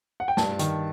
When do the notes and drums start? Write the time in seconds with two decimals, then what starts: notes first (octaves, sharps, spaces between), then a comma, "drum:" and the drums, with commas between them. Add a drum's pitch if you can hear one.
0.20 F#5
0.28 G5
0.37 G2 A5, drum: snare
0.59 D#3, drum: hi-hat